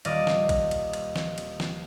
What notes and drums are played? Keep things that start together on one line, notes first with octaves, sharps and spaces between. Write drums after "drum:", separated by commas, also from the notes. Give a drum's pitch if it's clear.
D#1 D5 D#5 F6 A#6 D#7, drum: cymbal
drum: snare
drum: kick A#1, cymbal
drum: cymbal
drum: cymbal
drum: snare
drum: cymbal
drum: snare